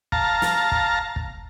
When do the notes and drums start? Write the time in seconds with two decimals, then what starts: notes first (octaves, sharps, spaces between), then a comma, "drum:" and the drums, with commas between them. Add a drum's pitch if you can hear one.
0.12 F5 A5 A#5, drum: kick
0.42 drum: snare
0.72 drum: kick
1.16 drum: kick